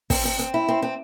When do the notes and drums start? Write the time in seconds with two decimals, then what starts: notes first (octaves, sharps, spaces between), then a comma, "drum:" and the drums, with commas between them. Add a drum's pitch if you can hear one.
0.10 C4, drum: kick, open hi-hat
0.25 C4
0.39 C4
0.54 E4
0.69 C4
0.82 C4